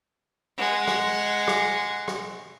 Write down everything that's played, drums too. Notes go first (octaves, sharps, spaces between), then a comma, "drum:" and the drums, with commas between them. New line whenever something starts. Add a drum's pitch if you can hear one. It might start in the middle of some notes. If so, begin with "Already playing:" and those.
G#3 F#5
drum: rim click
drum: rim click
drum: rim click